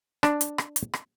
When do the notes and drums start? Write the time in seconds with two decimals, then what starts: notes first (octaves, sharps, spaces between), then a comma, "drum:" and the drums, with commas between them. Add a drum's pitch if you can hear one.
0.23 D4, drum: rim click
0.41 drum: hi-hat
0.58 drum: rim click
0.76 drum: hi-hat
0.93 drum: rim click